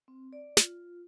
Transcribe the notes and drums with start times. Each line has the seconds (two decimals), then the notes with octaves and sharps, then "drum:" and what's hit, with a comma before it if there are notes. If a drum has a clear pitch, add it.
0.08 C4
0.33 D5
0.57 F4, drum: snare